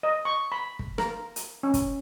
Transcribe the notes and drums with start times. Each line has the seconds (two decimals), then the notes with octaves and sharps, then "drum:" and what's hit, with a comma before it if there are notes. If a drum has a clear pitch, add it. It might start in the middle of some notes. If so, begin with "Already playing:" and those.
0.03 D#5
0.25 C#6
0.52 B5
0.79 drum: kick
0.98 A#4, drum: rim click
1.36 drum: hi-hat
1.63 C#4
1.74 drum: kick, hi-hat